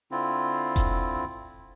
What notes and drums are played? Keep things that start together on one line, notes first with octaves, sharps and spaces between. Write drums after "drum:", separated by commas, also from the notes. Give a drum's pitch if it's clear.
D3 C4 E4 F4
drum: kick F1, hi-hat